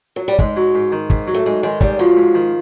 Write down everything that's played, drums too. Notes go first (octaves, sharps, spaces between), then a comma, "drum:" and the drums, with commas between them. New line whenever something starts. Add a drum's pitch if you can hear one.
F#3
G3
G#2 G#3, drum: kick
F#3
G#2
D#3
G#2, drum: kick
F#3
A3
G#2 G#3
D#3 G#3
G#2 G3, drum: kick
F3 F#3
G#2
D#3